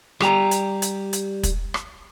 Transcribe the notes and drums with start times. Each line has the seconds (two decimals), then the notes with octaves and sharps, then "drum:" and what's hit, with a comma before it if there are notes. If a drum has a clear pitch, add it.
0.20 G3 G4 G5 A#5, drum: rim click
0.51 drum: hi-hat
0.82 drum: hi-hat
1.13 drum: hi-hat
1.43 drum: kick, hi-hat
1.74 drum: rim click